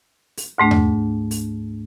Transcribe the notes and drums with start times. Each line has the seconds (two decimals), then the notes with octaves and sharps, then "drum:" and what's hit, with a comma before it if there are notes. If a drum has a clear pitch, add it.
0.37 drum: open hi-hat
0.58 D2 G#2 A3 D4
0.71 drum: tom E2
1.31 drum: open hi-hat